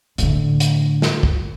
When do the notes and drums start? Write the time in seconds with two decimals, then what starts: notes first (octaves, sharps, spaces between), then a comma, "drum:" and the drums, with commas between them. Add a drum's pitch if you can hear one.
0.18 A2 D3, drum: hi-hat
0.60 drum: hi-hat
1.02 drum: snare
1.23 drum: kick